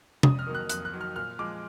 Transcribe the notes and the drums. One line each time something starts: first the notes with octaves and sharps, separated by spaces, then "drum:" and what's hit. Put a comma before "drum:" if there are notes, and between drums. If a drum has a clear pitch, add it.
F2 D#6, drum: tom C3
F6
D#3 F#3 A#3
F#6
F2 F#6, drum: hi-hat
F#6
D#3 F#3 A#3
F6
A#2 F6
F3 G#3 D6